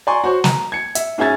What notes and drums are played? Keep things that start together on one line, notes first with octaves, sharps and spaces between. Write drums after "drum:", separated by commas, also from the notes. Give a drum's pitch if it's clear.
D5 G#5 A#5 C6 C#6
F#4 C5 C#5 C#6
A#5, drum: snare
G#6 C#7
E5, drum: hi-hat
G#2 C#4 G#4 E5 G#6 A6